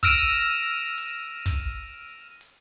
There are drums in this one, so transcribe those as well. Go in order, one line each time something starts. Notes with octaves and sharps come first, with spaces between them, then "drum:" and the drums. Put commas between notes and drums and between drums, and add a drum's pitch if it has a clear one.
E6 F6 A#6 D7 D#7, drum: kick, hi-hat
drum: hi-hat
drum: kick, hi-hat
drum: hi-hat